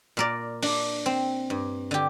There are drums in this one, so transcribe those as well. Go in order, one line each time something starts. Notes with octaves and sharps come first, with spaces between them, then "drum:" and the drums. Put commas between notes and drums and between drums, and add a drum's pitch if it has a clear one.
A#2 A#4 D5
D4, drum: open hi-hat
C4
G2
D3 G4